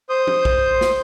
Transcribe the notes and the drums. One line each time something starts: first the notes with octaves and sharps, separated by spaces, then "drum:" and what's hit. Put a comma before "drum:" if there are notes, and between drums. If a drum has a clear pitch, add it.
C5 D#6 G6
drum: tom
drum: kick
drum: snare